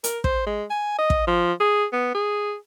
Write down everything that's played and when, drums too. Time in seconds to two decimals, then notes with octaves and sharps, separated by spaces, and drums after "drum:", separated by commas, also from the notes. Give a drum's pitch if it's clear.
0.04 A#4, drum: hi-hat
0.24 C5, drum: kick
0.47 G#3
0.70 G#5
0.99 D#5
1.10 drum: kick
1.27 F3
1.60 G#4
1.93 B3
2.15 G#4